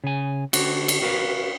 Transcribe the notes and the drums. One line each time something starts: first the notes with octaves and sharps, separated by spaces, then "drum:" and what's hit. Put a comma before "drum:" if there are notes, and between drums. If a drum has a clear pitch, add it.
C#3 G#5
D3 F#4, drum: cymbal
drum: cymbal
F#4 A#4 B4 F5